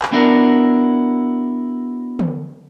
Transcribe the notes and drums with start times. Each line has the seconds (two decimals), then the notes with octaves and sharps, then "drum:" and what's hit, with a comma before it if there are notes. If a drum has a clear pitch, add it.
0.02 drum: clap
0.12 B3 D4 E4 F#4 A#4
2.19 drum: tom